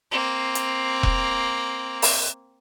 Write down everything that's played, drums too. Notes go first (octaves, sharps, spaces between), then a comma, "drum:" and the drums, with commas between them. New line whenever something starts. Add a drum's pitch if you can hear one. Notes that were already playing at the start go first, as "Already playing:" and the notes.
A#3 C4
drum: hi-hat
drum: kick E1
drum: open hi-hat